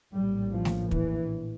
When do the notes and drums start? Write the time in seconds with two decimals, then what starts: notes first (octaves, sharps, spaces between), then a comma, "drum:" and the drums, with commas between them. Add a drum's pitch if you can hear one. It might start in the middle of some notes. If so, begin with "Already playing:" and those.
0.13 A#1 A2 G3
0.53 F3
0.65 drum: snare A3
0.91 E3, drum: kick